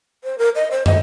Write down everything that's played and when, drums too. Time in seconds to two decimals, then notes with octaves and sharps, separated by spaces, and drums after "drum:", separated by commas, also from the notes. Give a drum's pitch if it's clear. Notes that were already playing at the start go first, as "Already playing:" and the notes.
0.24 C5
0.38 A#4
0.55 D#5
0.71 C5
0.86 D#5, drum: tom